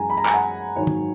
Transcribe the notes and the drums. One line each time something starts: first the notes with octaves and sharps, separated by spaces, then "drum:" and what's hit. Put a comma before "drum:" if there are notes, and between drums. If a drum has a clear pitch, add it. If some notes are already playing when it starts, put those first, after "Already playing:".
Already playing: F#2 E3 G#3 G#5 A#5
B5
A#5
G#5, drum: clap
F#5
G#2 D#3 F#3 C#5
drum: tom D#3